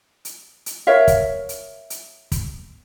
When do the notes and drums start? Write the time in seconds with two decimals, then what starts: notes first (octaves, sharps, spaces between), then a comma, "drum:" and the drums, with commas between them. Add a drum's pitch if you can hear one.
0.25 drum: hi-hat
0.66 drum: hi-hat
0.87 A#4 C#5 E5 F5
1.08 drum: kick, hi-hat
1.49 drum: hi-hat
1.90 drum: hi-hat
2.32 drum: kick, hi-hat